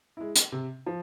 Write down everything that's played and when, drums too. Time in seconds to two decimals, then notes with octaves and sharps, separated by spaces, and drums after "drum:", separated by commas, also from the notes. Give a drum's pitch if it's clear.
0.17 G#3 E4
0.36 drum: hi-hat
0.52 C3
0.87 F3